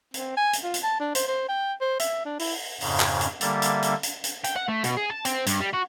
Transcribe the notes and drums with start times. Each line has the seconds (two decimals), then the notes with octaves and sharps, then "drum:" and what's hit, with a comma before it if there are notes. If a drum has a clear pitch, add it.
0.14 C4, drum: hi-hat
0.37 G#5
0.53 drum: hi-hat
0.64 F4
0.74 drum: hi-hat
0.83 A5
1.00 D4
1.15 C5, drum: hi-hat
1.28 C5
1.49 G5
1.81 C5
1.99 E5, drum: hi-hat
2.25 D4
2.39 E4, drum: open hi-hat
2.81 F2 G#2 C#3, drum: open hi-hat
3.00 drum: clap
3.21 drum: hi-hat
3.41 D3 G3 A#3 E5 A6, drum: hi-hat
3.62 drum: hi-hat
3.82 drum: hi-hat
4.03 drum: hi-hat
4.24 drum: hi-hat
4.44 G5, drum: hi-hat
4.56 F#5
4.68 A3
4.84 B2, drum: hi-hat
4.97 G#4
5.10 A5
5.25 C4, drum: hi-hat
5.46 G2, drum: hi-hat
5.60 G3
5.74 F#4